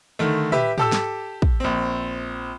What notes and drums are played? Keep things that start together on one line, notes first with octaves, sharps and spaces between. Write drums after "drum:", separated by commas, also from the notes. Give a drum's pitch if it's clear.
D3 D#3 A3
G4 B4 E5, drum: tom
G4 A4 E6, drum: tom
drum: snare
drum: kick
A#1 C4